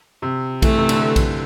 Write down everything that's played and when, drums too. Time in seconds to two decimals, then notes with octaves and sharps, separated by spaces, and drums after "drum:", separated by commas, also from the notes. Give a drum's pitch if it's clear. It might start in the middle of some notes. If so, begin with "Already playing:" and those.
0.22 C3
0.62 E3 A3, drum: kick A#1, cymbal
0.78 C3
0.89 D3, drum: cymbal
1.16 drum: kick A#1, cymbal